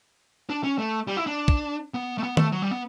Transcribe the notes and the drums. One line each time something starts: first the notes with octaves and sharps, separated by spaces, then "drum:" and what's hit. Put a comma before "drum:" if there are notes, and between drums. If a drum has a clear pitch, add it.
D4
C#4
A3
G3
E4
D4
drum: kick
B3
A3
B3
A3, drum: tom
F#3
G3
B3